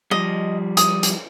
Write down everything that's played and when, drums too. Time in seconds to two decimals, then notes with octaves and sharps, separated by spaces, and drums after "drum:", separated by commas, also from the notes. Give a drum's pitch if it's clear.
0.11 F3 G3 D#5
0.77 D#6, drum: hi-hat
1.03 drum: hi-hat